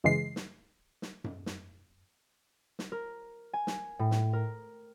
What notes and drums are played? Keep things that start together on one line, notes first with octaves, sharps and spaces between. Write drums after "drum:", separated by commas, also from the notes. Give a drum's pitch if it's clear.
F#2 C#3 E3 G#3 C7
drum: snare
drum: snare
drum: tom F#2
drum: snare
drum: snare
A#4
G#5
drum: snare
A2
drum: snare
A#4